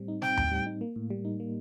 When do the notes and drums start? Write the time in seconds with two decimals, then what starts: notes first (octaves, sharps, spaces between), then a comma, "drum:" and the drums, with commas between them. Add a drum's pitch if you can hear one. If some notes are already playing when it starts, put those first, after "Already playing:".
Already playing: A2 G3 C4
0.08 D#4
0.22 C4 G5, drum: snare
0.37 A2, drum: tom D#2
0.52 G3
0.66 D#4
0.81 A#3
0.96 A2
1.10 G3
1.25 D#4
1.40 A#3